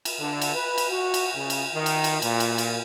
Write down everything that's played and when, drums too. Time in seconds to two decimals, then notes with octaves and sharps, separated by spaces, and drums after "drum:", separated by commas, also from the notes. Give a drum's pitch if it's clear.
0.05 drum: cymbal
0.20 D3
0.42 drum: cymbal
0.55 B4
0.78 drum: cymbal
0.90 F#4
1.14 drum: cymbal
1.36 C#3
1.50 drum: cymbal
1.75 D#3
1.86 drum: cymbal
2.04 drum: cymbal
2.22 A#2, drum: cymbal
2.40 drum: cymbal
2.58 drum: cymbal